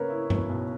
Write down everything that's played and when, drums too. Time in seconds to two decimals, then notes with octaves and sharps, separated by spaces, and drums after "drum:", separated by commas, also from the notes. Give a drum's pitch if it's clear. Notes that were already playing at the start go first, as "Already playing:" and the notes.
Already playing: C#3 A#3 A#4 B4 C#5
0.10 E4
0.30 B2, drum: tom G2
0.49 B1